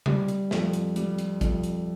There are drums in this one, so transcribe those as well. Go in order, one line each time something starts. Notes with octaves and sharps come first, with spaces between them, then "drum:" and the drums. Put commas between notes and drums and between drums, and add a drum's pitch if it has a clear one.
G3, drum: tom C#3
drum: hi-hat
F2, drum: snare
drum: hi-hat
G3, drum: hi-hat
drum: hi-hat
F2, drum: kick, hi-hat
drum: hi-hat